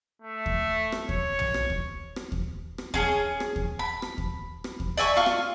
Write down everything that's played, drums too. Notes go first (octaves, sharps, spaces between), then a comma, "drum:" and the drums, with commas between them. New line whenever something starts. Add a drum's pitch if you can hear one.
A3
drum: kick D#2
drum: rim click
C#5, drum: kick D#2
drum: tom
drum: rim click
drum: kick D#2
drum: rim click
drum: kick D#2
drum: rim click
C#4 G#4, drum: kick D#2
drum: rim click
drum: kick D#2
B5
drum: rim click
drum: kick D#2
drum: rim click
drum: kick D#2
D5 E5 G#5 C#6
F4 C#6
drum: rim click